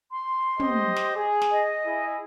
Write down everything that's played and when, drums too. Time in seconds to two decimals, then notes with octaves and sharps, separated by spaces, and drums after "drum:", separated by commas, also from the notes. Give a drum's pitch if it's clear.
0.12 C6
0.59 G4 C5 D#5, drum: tom
0.96 drum: snare
1.16 G#4
1.42 drum: snare
1.51 D#5
1.85 E4 G#4